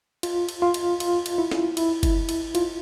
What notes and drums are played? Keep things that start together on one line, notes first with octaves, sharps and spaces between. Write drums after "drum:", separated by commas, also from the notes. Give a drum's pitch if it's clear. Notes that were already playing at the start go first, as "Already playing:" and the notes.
F4, drum: cymbal
drum: cymbal
F4
drum: cymbal
F4, drum: cymbal
drum: cymbal
E4
drum: snare
E4, drum: cymbal
drum: kick F#1, cymbal
drum: cymbal
F4, drum: cymbal